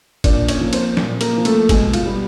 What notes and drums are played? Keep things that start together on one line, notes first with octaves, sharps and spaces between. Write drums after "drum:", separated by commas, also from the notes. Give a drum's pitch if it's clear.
A#2 D4 D5, drum: kick G1, cymbal
C#4 C#5, drum: cymbal
F3 A#3
C4 C5, drum: cymbal
A#2, drum: snare
A#3 A#4, drum: cymbal
F3 A#3
A3 A4, drum: cymbal
B2 G#3 G#4, drum: kick G1, cymbal
F4, drum: cymbal
G3 B3